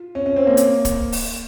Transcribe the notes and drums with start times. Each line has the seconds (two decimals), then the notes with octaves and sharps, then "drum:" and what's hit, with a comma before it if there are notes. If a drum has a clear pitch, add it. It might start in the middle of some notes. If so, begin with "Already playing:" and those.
Already playing: F4
0.15 C#4
0.26 C#4
0.36 C4
0.47 A#3
0.57 drum: hi-hat
0.85 drum: kick, hi-hat
1.12 drum: open hi-hat